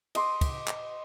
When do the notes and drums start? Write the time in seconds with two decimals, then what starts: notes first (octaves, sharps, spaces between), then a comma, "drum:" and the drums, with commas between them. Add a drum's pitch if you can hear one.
0.15 D#5 C6 D6, drum: cymbal
0.41 drum: kick, cymbal
0.68 drum: clap